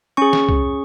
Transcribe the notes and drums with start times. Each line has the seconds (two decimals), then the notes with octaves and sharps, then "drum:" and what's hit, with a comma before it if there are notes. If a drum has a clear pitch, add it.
0.17 C#4 G#4 C#6
0.33 drum: snare
0.49 drum: kick